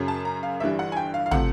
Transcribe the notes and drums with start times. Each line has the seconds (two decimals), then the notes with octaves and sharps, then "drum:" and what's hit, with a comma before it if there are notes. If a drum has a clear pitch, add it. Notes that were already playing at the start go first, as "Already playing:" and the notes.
Already playing: F#2 C#3 F#3
0.08 A5
0.25 A#5
0.43 F5
0.60 G1 G2 E3 G3 E5
0.79 F#5
0.92 G#5
0.97 G5
1.14 F5
1.26 F5
1.31 C3 F3 A3 F#5, drum: tom